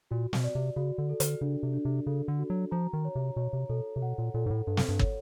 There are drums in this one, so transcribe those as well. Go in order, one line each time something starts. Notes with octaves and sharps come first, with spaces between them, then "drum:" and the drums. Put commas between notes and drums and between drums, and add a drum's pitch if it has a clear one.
A#2 F#4
B2, drum: snare
D5
C3
C#3 F#4
D3
A4
D3, drum: hi-hat
C#3 D4
C3
D4
C3
C#3 A4
D3
F#4
F#3
F3 A#5
D#3
C#5
C3
B2 C#5
C3
B2 A4
C3
B2 F#5
A#2
A#2 A4
G#2
A2
G2 A4
drum: snare
G2
C#5, drum: kick